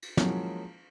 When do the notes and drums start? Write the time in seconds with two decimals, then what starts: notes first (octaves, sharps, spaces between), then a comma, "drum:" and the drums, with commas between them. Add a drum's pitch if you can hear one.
0.02 drum: cymbal
0.17 F3 F#3 G#3 A#3 C#4 E4, drum: snare